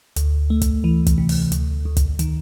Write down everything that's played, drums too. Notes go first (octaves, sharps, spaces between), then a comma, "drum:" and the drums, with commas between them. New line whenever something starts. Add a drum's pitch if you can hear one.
D2, drum: hi-hat
A3
drum: kick, hi-hat
E3
drum: kick, hi-hat
C3
drum: open hi-hat
D2, drum: hi-hat
D2
drum: kick, hi-hat
D#3, drum: hi-hat